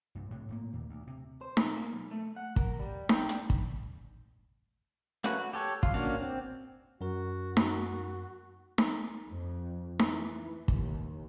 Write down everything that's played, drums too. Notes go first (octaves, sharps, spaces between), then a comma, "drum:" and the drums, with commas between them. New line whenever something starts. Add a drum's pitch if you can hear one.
C2 G2
A2 C3
A2 F#3 A#3
D#2 A#2
D2
C3
C5
A#2, drum: snare D#4
A#3
B1
A3
F#5
A#4, drum: kick
G3
G5, drum: snare D#4
D4, drum: hi-hat
drum: kick
A3 A#3 C#4 F#4 B4, drum: hi-hat
F#4
G4 A4 C#5
F4, drum: kick
A#3 C#4 D4 F#4 F5
C4
F#2 F#4 A#4
drum: snare D#4
drum: snare D#4
F2
E3, drum: snare D#4
D#2, drum: kick